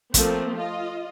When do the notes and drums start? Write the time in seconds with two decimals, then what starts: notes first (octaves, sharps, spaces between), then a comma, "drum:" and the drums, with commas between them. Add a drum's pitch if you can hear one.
0.14 F3 A3 A#3 C4, drum: kick, hi-hat
0.59 F4 D#5